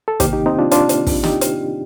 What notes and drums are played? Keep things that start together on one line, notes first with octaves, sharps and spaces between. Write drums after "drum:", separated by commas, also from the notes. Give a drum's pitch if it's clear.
A4
C3 D#3 A#3 D#4 G4, drum: kick, hi-hat
D#4 G4
C4 D#4
D4 F4
D4 F4, drum: hi-hat
drum: hi-hat
drum: kick, open hi-hat
D#4 G4, drum: snare
drum: hi-hat